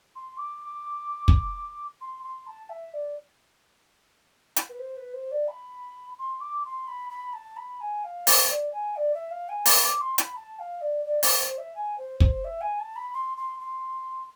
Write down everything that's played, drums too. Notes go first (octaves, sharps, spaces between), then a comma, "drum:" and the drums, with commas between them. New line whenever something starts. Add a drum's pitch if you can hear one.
C6
D6
drum: kick
C6
C6
A5
E5
D5
drum: hi-hat
B4
C5
B4
C5
D5
B5
C6
D6
C6
B5
B5
A5
B5
G#5
F5
C5, drum: open hi-hat
D5
G#5
D5
E5
F5
G#5
B5, drum: open hi-hat
D6
C6
B5, drum: hi-hat
A5
F5
D5
D5
C5, drum: open hi-hat
C5
E5
G#5
C5
C5, drum: kick
E5
G#5
A5
B5
C6
C6
C6